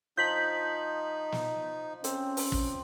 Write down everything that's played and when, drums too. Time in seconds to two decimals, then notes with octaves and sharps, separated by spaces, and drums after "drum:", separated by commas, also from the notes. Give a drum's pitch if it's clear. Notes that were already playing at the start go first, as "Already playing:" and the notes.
0.17 F3 D#4 G6 B6 F#7
1.32 drum: snare
2.04 C4 C#4, drum: hi-hat
2.37 drum: open hi-hat
2.52 drum: kick